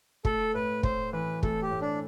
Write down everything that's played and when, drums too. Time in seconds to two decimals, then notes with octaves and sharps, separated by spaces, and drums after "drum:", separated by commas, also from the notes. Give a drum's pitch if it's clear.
0.25 A3 A4, drum: kick
0.54 A2 B4
0.83 A2 C5, drum: kick
1.13 E3 B4
1.43 A3 A4, drum: kick
1.62 G4
1.71 A2
1.81 D4